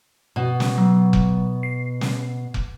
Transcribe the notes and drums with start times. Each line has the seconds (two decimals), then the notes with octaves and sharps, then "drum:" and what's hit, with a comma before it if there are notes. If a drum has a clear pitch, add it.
0.36 B2
0.60 drum: snare
0.78 F#3
1.13 drum: kick F1
1.63 C7
2.01 drum: snare
2.54 drum: kick F1